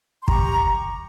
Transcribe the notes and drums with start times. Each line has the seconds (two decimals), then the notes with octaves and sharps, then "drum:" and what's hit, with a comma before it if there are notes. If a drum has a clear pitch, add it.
0.20 C6
0.28 G4 A#5 C#6, drum: kick